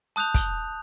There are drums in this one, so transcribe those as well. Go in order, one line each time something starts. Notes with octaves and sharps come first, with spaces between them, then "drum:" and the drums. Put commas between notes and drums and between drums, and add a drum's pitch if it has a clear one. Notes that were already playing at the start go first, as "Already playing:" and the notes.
A5 D#6 F#6 G6 F7
drum: kick, hi-hat